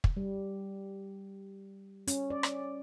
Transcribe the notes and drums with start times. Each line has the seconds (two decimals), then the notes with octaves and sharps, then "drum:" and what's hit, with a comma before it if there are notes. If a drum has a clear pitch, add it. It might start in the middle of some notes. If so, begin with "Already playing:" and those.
0.04 drum: kick
0.17 G3
2.07 C#4, drum: hi-hat
2.30 D5
2.43 drum: rim click